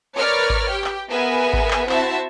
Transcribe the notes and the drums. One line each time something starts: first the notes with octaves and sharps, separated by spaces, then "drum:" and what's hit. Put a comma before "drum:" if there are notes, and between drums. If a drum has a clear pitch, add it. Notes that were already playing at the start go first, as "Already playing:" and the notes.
A#4 B4 C#5 D5 F6
drum: kick G#1
G4 G5
drum: clap
B3 G#4 A#4 B4 E5 G#5
drum: kick G#1
drum: clap
C4 E4 F#4 C5 E5 A5, drum: clap